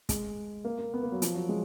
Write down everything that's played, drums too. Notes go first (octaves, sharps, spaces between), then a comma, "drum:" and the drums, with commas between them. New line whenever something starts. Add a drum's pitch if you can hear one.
G#3, drum: kick, hi-hat
A#3
A#3
B3
A#3
F#3
F3, drum: hi-hat
F#3
G#3